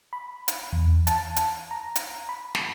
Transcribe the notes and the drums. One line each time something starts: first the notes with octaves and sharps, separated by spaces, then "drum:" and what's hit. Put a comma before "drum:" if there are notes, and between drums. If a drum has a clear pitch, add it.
B5
drum: hi-hat
E2
A5, drum: hi-hat
drum: hi-hat
A#5
drum: hi-hat
B5
drum: snare